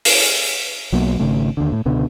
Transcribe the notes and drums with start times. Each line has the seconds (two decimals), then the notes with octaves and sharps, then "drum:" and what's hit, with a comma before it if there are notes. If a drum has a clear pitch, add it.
0.05 drum: open hi-hat
0.92 B1 F#3 A#3 B3
1.19 G#1 C#3 A3
1.57 D#2 D3
1.72 A2
1.85 C#2 B2 D3